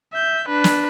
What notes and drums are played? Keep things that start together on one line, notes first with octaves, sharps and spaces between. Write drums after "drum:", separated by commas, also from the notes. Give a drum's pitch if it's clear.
E5 G6
D4 B4
drum: snare